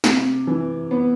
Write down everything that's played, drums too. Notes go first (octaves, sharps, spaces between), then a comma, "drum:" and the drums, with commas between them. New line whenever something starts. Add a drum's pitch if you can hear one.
C3, drum: snare
E3
B3